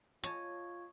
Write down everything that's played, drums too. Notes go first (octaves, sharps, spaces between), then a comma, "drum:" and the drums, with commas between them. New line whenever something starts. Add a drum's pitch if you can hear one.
F4 C#5 D#5 A5 C#6 G#6, drum: hi-hat